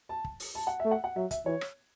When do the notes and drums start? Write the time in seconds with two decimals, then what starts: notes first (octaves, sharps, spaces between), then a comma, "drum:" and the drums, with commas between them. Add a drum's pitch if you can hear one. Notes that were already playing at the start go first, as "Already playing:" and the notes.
0.09 A5
0.25 drum: kick
0.40 drum: open hi-hat
0.55 A5
0.67 F#5
0.80 E5
0.85 A3
0.91 F#5
1.04 F#5
1.16 F#3 E5
1.31 E5, drum: kick, hi-hat
1.46 E3 C#5
1.61 drum: rim click